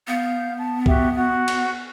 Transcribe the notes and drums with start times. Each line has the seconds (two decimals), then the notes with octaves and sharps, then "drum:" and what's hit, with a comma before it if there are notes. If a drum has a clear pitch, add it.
0.08 B3 F5 G6
0.57 A5
0.86 F#4 G4 E5, drum: kick C2
1.15 F#4 F#5
1.48 drum: cymbal